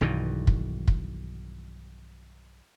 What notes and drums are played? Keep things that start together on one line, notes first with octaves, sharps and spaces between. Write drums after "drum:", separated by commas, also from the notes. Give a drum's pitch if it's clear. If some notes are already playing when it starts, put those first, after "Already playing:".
B1 G2 D#3 E3
drum: kick
drum: kick